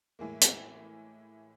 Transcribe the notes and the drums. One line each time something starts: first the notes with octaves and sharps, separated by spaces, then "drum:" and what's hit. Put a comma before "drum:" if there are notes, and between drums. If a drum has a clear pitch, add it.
A2 E3 G#3 A#3
drum: hi-hat